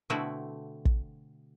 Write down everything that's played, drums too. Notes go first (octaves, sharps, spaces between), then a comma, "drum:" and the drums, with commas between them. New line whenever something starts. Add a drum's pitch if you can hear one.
B2 D3 A3 C4 E4 F#4
drum: kick